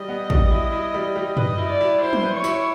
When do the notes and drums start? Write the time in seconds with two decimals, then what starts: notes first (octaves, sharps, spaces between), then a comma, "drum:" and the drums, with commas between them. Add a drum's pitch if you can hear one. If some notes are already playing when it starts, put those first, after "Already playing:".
Already playing: G3 D#5
0.09 B3
0.30 G3, drum: kick
0.51 E4
0.72 E4
0.94 G3
1.16 G3
1.37 B4 D#5, drum: tom
1.58 E4
1.69 D5
1.81 E4
2.01 E4 C5
2.13 drum: tom
2.23 B4
2.34 C#5
2.44 E4, drum: tambourine